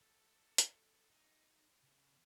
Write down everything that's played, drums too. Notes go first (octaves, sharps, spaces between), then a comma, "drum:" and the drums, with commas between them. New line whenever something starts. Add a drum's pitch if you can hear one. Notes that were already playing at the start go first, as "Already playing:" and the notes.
A4
drum: hi-hat
D#4
C#3 A4